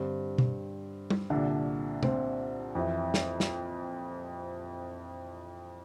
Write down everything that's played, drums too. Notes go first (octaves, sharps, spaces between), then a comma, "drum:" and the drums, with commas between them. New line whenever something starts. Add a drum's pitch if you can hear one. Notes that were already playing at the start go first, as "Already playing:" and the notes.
Already playing: G2 D3 C4
drum: tom B2
drum: tom
C2 A#2 D3 D4
C4, drum: tom C3
F2 E3
drum: snare
drum: snare